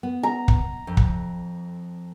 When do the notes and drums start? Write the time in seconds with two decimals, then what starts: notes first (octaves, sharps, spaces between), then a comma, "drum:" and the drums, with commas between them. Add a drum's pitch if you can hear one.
0.03 B3
0.23 A#5
0.48 drum: kick
0.87 F2
0.97 drum: kick